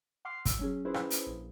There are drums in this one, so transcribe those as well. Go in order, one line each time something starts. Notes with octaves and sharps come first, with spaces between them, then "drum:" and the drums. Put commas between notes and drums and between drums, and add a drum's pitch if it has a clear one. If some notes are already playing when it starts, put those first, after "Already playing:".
F#5 C6 D6 F6 C7
E6, drum: kick, hi-hat
F#3 C#4 G#4
C#4 E4 G#4 B4 C5
drum: rim click
drum: hi-hat
A#1